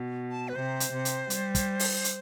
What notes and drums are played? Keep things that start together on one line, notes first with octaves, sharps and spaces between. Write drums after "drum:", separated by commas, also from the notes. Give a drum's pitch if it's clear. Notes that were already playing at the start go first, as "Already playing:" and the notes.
Already playing: B2
A5
B4
C3 C5
drum: hi-hat
C3
drum: hi-hat
G3, drum: hi-hat
drum: kick, hi-hat
drum: open hi-hat
drum: hi-hat